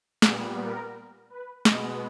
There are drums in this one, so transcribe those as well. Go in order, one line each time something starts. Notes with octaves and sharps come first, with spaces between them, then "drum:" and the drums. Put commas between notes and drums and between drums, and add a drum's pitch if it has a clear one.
A#2 G3 B3 G#4, drum: snare
A#4
B4
B2 G#3 B3 D#5, drum: snare